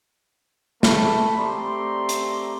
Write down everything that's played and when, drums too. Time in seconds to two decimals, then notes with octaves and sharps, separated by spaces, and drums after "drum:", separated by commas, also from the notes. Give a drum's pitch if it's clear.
0.83 A3 A5 B5, drum: snare
1.38 A3 C4 G4 D5 A#5 C6
2.09 drum: hi-hat